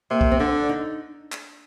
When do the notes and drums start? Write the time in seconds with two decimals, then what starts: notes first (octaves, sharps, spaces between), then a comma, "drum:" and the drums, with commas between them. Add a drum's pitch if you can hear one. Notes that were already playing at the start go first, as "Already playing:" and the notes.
0.10 C3 A#3
0.21 drum: kick
0.31 C4
0.39 D3 D4
0.69 D#4
1.32 drum: clap